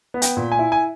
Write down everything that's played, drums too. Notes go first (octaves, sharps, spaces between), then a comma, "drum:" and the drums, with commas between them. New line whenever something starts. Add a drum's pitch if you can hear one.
B3
G5, drum: hi-hat
A#2
G#5
E4
G#5